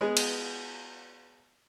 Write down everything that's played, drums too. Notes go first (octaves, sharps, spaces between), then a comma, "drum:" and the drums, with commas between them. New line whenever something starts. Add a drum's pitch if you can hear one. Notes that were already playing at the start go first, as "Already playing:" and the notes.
G#3 B3 G#4
drum: cymbal